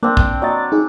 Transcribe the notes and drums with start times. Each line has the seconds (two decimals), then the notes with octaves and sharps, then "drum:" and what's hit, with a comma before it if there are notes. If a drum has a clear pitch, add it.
0.03 A#3 C4 D4
0.17 G5, drum: kick
0.42 F#3 D5 D#5 A6
0.72 D#4 G#4